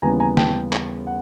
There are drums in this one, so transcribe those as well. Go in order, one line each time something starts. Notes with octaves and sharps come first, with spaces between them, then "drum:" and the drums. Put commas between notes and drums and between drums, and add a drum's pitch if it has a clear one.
D#2 C#3 E3 G3 B3 G#5 A#5
G#5 A#5
G5 A5, drum: snare
drum: clap
F#5